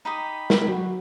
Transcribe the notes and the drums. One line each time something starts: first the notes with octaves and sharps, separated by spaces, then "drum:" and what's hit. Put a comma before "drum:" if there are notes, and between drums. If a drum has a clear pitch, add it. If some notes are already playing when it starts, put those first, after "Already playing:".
D#4 G4 B5 D#6
drum: snare
F#3 F#4